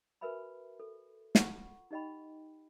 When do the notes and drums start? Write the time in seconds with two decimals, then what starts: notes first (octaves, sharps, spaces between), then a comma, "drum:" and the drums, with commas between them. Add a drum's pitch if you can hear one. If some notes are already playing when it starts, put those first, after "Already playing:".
0.21 F#4 A#4 B4 E5 G#5 B5
0.80 A4
1.35 F4 F#5 C#6, drum: snare
1.91 D#4 G4 D#5 G5 B5